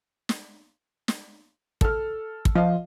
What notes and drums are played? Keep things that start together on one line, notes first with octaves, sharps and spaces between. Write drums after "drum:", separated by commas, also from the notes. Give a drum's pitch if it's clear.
drum: snare
drum: snare
A4 F6, drum: kick
drum: kick
F3 D#5 F5